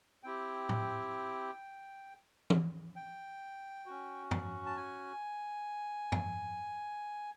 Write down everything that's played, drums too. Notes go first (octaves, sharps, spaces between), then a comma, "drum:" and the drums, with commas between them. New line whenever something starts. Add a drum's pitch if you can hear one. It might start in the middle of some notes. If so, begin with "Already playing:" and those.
C4 E4 G4 G5
drum: tom A2
drum: tom
G5
C#4 F#4
drum: tom
A5
G#5
drum: tom